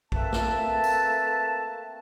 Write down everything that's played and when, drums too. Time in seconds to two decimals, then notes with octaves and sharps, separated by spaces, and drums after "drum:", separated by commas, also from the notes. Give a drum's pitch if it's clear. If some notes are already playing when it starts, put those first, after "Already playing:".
0.12 A3 A#3 C4 B4 E5 A5, drum: kick A#1
0.32 drum: snare
0.84 drum: tambourine